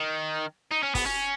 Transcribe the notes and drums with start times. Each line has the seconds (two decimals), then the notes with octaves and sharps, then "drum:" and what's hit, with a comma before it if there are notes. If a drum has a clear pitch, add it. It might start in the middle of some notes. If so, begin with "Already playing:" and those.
Already playing: D#3
0.71 D#4
0.83 C#4
0.95 B3, drum: kick, open hi-hat
1.06 C#4